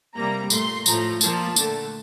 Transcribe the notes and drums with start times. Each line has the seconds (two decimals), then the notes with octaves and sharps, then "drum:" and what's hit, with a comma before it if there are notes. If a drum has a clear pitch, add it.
0.15 C3 G3 A#3 A#5
0.50 A#2 A3 C6, drum: tambourine
0.86 A2 F3 A3 A#5, drum: tambourine
1.21 A#2 F3 A#3 A5, drum: tambourine
1.56 D3 A3, drum: tambourine